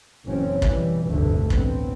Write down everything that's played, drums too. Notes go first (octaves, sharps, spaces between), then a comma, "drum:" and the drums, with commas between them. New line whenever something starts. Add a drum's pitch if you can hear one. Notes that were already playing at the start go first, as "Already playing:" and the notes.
F#1 A#2 E3 F#3 C4 C#4
B2 E3 G3, drum: kick
F1 D2 G2 B2 D3 A3
A1 B3 C4, drum: kick